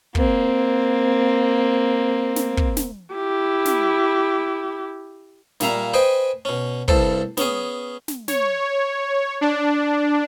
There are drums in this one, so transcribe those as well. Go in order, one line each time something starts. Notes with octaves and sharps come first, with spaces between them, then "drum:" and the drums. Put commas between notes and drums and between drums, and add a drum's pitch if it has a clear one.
A#3 C4, drum: kick
drum: snare
drum: kick
drum: snare
E4 G4
drum: snare
A#2 G3 E5 F5 A#5, drum: snare
B4 C5 D#5 G5 G#5
B2 C#4
C2 G2 A4 C5, drum: kick
B3 C#4 G#4, drum: snare
drum: snare
C#5, drum: snare
D4